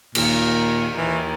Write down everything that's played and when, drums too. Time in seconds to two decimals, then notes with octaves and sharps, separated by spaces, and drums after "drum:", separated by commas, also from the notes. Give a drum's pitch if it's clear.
0.15 D#2 A#2 D#3, drum: cymbal
0.97 D#2 D#3 E3